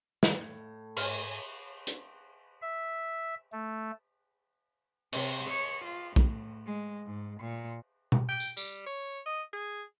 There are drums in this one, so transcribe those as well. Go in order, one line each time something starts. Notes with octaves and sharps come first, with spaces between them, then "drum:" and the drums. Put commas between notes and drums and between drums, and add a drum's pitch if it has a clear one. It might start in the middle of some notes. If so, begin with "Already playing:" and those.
A2, drum: snare
G#2 G#5 F6, drum: cymbal
drum: hi-hat
E5
A3
C3, drum: cymbal
C#5
F4
A2, drum: kick
G#3
G#2
A#2
drum: tom B2
G5
drum: tambourine
G3, drum: tambourine
C#5
D#5
G#4